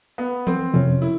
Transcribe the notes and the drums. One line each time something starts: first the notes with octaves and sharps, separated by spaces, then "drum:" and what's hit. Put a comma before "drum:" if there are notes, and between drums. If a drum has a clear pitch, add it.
B3
C4, drum: tom E3
F2 C3 F3 C#4
E4